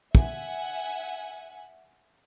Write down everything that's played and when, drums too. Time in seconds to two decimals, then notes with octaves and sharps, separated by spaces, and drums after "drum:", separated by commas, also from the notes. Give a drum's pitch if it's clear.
0.15 E5 F#5 G#5, drum: kick